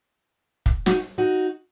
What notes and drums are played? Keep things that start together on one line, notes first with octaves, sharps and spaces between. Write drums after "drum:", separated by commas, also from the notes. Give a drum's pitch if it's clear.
drum: kick
D#4 F#4, drum: snare
D#4 F#4